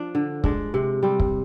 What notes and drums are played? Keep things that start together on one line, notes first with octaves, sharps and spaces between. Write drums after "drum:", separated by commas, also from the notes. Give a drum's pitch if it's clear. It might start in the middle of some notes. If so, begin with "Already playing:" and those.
Already playing: F3 D4
D3
G#3 D4, drum: kick
C3
G3 C4
drum: kick